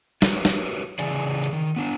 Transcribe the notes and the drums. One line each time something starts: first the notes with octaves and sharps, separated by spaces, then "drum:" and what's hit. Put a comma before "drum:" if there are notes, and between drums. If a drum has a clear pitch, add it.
F#4 G4 A#4 B4 C#5, drum: snare
drum: snare
C#3 E3 G#4 D5 G#5, drum: hi-hat
drum: hi-hat
D#3
B3 D4